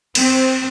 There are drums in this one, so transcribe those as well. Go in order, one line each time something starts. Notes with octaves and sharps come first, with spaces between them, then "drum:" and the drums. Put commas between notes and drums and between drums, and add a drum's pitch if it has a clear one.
C4, drum: cymbal